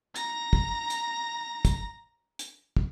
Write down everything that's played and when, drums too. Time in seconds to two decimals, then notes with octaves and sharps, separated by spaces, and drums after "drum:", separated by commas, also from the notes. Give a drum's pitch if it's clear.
0.16 A#5 A#6, drum: hi-hat
0.53 drum: kick
0.90 drum: hi-hat
1.65 drum: kick, hi-hat
2.39 drum: hi-hat
2.77 drum: kick